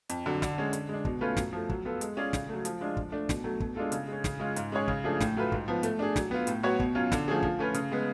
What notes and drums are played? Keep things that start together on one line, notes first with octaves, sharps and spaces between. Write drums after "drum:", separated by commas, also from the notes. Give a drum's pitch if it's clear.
F2, drum: hi-hat
D3 F#3
D3, drum: snare
G#3 C#4
D3, drum: hi-hat
G#3 D4
B2, drum: kick
A3 C#4 F4 B4
F#2, drum: snare
F3 A3
F#3, drum: kick
B3 F4 A4
G#3, drum: hi-hat
C#4 F4 G#4 D5
C#3, drum: snare
F#3 A3
F3, drum: hi-hat
G#3 D4 F4
F3, drum: kick
A3 D4
B2, drum: snare
F#3 A3
B2, drum: kick
G#3 D4 F4 A4
C#3, drum: hi-hat
G#3 C#4
C#3, drum: snare
G#3 C#4 F4
G#2, drum: hi-hat
G#3 C#4 G#4 C#5
C#3, drum: kick
F3 A3 D4 G#4
A2, drum: snare
F#3 A3 F4 B4
G#2, drum: kick
F3 B3
A3, drum: hi-hat
D4 G#4
F#3, drum: snare
B3 F4
A2, drum: hi-hat
F#3 B3 F#4 C#5
B2, drum: kick
F#3 C#4 F4
D3, drum: snare
F3 A3 C#4 G#4
F3, drum: kick
A3 C#4 F4 B4
C#3, drum: hi-hat
G#3 B3